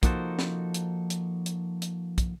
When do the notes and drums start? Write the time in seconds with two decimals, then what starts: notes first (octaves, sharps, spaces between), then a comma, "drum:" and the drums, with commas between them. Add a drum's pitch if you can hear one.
0.03 F3 A#3 D#4 F#4 A4 C5, drum: kick, hi-hat
0.39 drum: snare
0.74 drum: hi-hat
1.10 drum: hi-hat
1.46 drum: hi-hat
1.82 drum: hi-hat
2.18 drum: kick, hi-hat